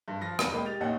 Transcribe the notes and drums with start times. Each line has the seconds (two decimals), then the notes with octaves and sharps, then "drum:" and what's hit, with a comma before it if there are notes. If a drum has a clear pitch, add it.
0.08 G2
0.21 F3 A#6
0.39 E2 D5 B5 D#7, drum: rim click
0.52 G#3 A#3 D#5 G5
0.65 G4 A6 F7
0.80 A1 D#2 A#2 C#5 D#5 F#5